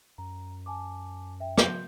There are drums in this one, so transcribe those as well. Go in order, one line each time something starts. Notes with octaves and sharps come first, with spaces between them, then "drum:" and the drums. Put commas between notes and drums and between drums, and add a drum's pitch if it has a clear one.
F#2 A#5
G#5 A5 D6
E5 G5
C6 G6, drum: rim click